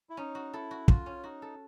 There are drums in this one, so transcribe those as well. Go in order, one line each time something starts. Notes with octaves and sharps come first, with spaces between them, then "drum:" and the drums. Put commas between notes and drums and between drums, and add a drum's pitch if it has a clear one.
E4
C#4 D#4
F#4
E4 A4
F#4
F4 F#4, drum: kick
C#4
D#4 F#4
A4